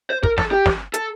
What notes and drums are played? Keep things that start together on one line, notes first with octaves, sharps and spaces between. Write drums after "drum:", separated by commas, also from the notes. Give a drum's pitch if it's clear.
C5
A#4, drum: kick
A4, drum: snare
G4
drum: snare
A4, drum: hi-hat